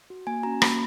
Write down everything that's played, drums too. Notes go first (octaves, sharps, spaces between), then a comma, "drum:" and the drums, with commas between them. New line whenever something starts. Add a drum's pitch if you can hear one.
F#4
A#3 G#5
C#4 F#4 A#5
A#3 B5, drum: rim click